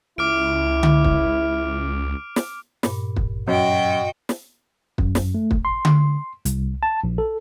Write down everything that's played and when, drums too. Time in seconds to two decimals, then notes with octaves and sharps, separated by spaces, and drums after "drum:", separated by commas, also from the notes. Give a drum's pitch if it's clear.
0.18 C#2 E4 D6 F6 D7
0.83 drum: tom D3
1.04 drum: kick
2.36 drum: snare
2.83 G2 A#2, drum: snare
3.16 drum: kick
3.48 F#2 F#4 D#5 G5
4.29 drum: snare
4.98 F#2, drum: kick
5.15 drum: snare
5.35 A3
5.51 drum: kick
5.65 C6
5.85 drum: tom D3
6.45 C2, drum: hi-hat
6.83 A5
7.04 A#1
7.18 A4